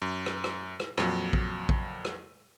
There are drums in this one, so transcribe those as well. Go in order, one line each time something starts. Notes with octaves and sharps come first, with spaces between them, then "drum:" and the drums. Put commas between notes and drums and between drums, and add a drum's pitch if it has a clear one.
F#2
drum: rim click
drum: rim click
drum: rim click
F2 A#2 F#3, drum: rim click
drum: kick
drum: kick
drum: rim click